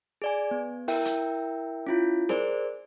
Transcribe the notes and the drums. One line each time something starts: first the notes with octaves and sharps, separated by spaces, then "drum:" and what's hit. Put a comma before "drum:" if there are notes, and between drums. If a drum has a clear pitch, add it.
G#4 D5 G#5
B3
E4 A#4 E5 G5, drum: open hi-hat
drum: hi-hat
C#4 E4 F4
G#4 A#4 C5 D5, drum: snare C4